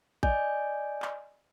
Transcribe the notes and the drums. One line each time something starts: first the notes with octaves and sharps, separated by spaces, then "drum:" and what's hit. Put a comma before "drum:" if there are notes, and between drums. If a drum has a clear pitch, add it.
D5 D#5 G#5 G6, drum: kick
drum: clap